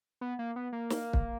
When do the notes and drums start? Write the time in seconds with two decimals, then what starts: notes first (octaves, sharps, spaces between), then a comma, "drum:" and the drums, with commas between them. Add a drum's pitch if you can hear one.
0.21 B3
0.39 A#3
0.56 B3
0.73 A#3
0.90 drum: snare
1.13 drum: kick